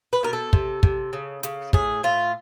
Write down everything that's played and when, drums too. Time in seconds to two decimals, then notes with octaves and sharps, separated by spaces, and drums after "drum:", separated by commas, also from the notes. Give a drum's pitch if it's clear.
0.13 B4
0.23 B2 A#4
0.33 A4
0.53 C3, drum: kick
0.83 C3, drum: kick
1.13 C#3
1.43 C#3, drum: hi-hat
1.73 A2 G#4, drum: kick
2.03 A2 F4